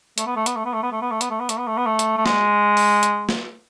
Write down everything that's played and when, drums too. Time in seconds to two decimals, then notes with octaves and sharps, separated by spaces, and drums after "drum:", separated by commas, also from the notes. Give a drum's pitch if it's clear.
0.18 A3, drum: hi-hat
0.26 B3
0.36 A3
0.46 B3, drum: hi-hat
0.56 A3
0.65 B3
0.73 A3
0.83 B3
0.92 A3
1.01 B3
1.11 A3
1.21 B3, drum: hi-hat
1.30 A3
1.40 B3
1.49 A3, drum: hi-hat
1.58 B3
1.67 A3
1.77 B3
1.86 A3
1.99 drum: hi-hat
2.17 A3
2.26 G#3, drum: snare
2.77 drum: open hi-hat
3.03 drum: hi-hat
3.29 drum: snare